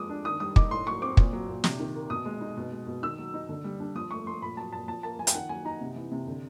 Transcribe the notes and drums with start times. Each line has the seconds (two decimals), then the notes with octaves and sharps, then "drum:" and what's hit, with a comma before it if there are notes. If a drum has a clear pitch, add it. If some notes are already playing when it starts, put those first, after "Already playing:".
Already playing: F3 G#3 D6 D#6
0.10 D4
0.25 D#3 D#6
0.40 G3 D#6
0.56 D#4 D6, drum: kick
0.71 A2 C6
0.86 F#3 C#6
1.02 C4 D6
1.17 A#2, drum: kick
1.33 F#3
1.48 A#2
1.64 C3, drum: snare
1.79 D#3
1.94 A#3
2.10 B2 D#6
2.25 G#3
2.41 D#4
2.57 B2
2.72 G#3
2.87 B2
3.03 D#3 E6
3.19 F#3
3.34 D#4
3.49 D3
3.64 G3
3.80 D4
3.95 F3 D#6
4.11 A3 C#6
4.26 F3 C6
4.42 A#2 B5
4.57 F#3 A5
4.72 A#2 A5
4.88 F3 A5
5.03 A#3 A5
5.19 F3 G#5
5.27 G5, drum: hi-hat
5.34 D#3 F#5
5.49 F#3 G#5
5.65 D#4 A#5
5.81 C3
5.96 E3
6.11 C3
6.27 D3